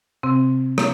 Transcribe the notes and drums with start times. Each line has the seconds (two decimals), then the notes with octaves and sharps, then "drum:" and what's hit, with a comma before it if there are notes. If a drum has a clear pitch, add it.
0.23 C3 C4
0.78 A#3, drum: rim click